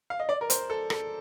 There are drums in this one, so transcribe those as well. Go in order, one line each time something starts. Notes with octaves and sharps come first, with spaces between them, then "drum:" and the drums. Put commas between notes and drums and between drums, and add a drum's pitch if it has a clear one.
F5
D#5
D5
A#4
C5, drum: hi-hat
A4
A4, drum: rim click